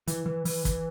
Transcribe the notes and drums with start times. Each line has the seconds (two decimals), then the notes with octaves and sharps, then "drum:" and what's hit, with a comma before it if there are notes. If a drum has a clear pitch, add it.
0.08 E3, drum: hi-hat
0.26 E3
0.45 E3, drum: open hi-hat
0.65 E3, drum: kick, hi-hat